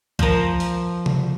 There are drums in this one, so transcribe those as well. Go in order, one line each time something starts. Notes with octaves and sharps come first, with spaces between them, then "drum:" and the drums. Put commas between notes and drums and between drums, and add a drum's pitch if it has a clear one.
F3 A#4, drum: kick B1
drum: open hi-hat
drum: tom C3